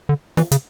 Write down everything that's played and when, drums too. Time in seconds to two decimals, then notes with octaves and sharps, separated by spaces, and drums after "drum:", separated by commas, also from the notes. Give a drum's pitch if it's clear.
0.09 D3
0.37 E3, drum: snare
0.52 C#3, drum: hi-hat